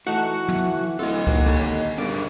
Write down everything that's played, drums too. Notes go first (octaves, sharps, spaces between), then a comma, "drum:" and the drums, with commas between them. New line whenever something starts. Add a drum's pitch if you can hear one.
E3 A3 D#4 F#4 F#5
drum: tom
D1 F4 A4 D#5
D#2 A#3 F#4, drum: kick C#2
G#2 D3 C#4
drum: cymbal
G2 B3 G#4 A#4 D5